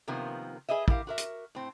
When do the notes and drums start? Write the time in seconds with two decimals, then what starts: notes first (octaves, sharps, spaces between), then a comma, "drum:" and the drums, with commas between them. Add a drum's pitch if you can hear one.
0.08 C3 D#3 F3 A#3 B3
0.69 G#4 B4 D#5 E5
0.88 E4 G4 A#4 F5, drum: kick
1.07 F#4 A#4 E5
1.18 drum: hi-hat
1.55 A2 C4